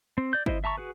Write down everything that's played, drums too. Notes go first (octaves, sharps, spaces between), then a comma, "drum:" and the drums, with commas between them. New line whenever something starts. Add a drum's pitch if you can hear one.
C4
D5 G6
E4 C5 D#5, drum: kick G1
E5 A5 A#5 C#6
F#4 G#4 B4